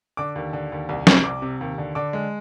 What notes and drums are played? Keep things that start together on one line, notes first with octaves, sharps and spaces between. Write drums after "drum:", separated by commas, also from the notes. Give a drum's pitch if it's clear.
D3 D6
D#2
D3
D#2
C2
C3, drum: snare
C2 D6
C3
D#2
D3
D3 D6
G#3